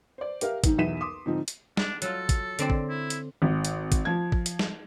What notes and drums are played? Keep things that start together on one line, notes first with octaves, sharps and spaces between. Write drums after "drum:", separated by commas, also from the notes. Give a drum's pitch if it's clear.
C5 D5
G4 A#4 E5 F5, drum: hi-hat
D#2 G#2 D#3, drum: kick, hi-hat
B1 E2 E5 B6 D#7 E7
C6 D6 D#6
G#2 D3 F3 C4 D4 D#4
drum: hi-hat
D4, drum: snare
F#3 F4 A4, drum: hi-hat
drum: kick, hi-hat
D3 C4 D5, drum: hi-hat
drum: kick
E4
drum: hi-hat
G#1
drum: hi-hat
drum: kick, hi-hat
F3 G#6
drum: kick
drum: hi-hat
drum: snare